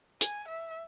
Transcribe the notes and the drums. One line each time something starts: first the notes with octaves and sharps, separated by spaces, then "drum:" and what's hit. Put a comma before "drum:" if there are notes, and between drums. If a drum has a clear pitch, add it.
G#5, drum: hi-hat
E5